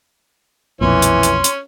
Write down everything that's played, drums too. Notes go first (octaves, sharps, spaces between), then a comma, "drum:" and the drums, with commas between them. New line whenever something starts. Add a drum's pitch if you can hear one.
B1 F2 A#2 E3 C#4 C6
drum: hi-hat
drum: hi-hat
drum: hi-hat